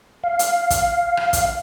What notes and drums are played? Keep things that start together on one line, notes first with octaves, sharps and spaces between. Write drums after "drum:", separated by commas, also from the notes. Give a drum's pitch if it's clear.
F5
drum: hi-hat
drum: kick, hi-hat
drum: rim click
drum: kick, hi-hat